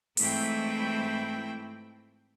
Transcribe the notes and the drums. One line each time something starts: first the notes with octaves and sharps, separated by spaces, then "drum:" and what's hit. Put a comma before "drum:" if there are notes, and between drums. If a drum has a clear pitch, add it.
G#2 E3 A3 C4 E4 G5, drum: open hi-hat